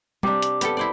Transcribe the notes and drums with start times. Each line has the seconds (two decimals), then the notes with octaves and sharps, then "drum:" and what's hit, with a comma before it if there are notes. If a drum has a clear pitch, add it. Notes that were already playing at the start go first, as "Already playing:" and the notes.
0.23 C3 D4 G4 A#5 D6, drum: tom G3
0.42 drum: hi-hat
0.61 G3 B3 G4 A4, drum: hi-hat
0.77 E4 C5 D5